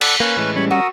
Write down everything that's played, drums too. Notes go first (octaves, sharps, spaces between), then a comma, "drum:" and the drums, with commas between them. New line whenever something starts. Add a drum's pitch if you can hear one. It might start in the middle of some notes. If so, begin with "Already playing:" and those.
A4 D5 F#5, drum: cymbal
A#3 C#4 B4
A2 E3 G#3
G3 C#4 C#5 B5
F#4 A#4 D#6 E6